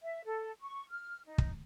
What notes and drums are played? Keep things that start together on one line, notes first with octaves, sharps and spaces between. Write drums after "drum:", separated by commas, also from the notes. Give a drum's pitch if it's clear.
E5
A4
C#6
F6
D#4
drum: kick